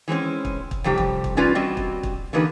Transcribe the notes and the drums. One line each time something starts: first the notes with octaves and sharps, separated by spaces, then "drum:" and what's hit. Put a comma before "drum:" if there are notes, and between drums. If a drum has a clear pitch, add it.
E3 G#3 C4 C#4
drum: kick
drum: kick
F2 C3 G3 G4
drum: kick
drum: kick
G3 C#4 F4 B4 D5
G3 C4 F#4 D#5
drum: kick
drum: kick
D3 E3 A#3 D#4 G4 B4